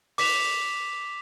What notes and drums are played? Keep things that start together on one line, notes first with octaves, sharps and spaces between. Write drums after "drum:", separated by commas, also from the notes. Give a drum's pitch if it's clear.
D6 B6 E7 F7, drum: open hi-hat